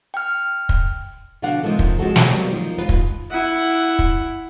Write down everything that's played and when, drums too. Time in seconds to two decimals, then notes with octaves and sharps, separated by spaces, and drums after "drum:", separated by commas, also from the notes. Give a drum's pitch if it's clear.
0.14 G5 F6
0.69 drum: kick
1.42 B2 D3 F3 D4 F5 F#5
1.64 C3 D#3 F3 G#3 A4
1.79 drum: kick
1.99 F3 G#3 C4 F#4 A4
2.16 drum: snare
2.29 B2 F#3 G3 A#3
2.51 D#3 F3
2.78 D#2 G#2 F4 B4
2.89 drum: kick
3.30 E4 F#5
3.99 drum: kick